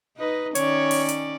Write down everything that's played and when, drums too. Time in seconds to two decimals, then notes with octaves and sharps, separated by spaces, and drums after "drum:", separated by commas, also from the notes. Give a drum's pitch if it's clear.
0.17 D#4 B4 D#5
0.55 D#3 C#4 C#5 D5, drum: hi-hat
0.91 drum: open hi-hat
1.09 drum: hi-hat